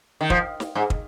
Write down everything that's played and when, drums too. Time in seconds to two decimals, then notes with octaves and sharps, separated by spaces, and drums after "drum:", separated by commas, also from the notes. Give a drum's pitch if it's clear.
0.21 D#3
0.30 F3, drum: kick
0.60 drum: snare
0.75 G#2
0.90 drum: kick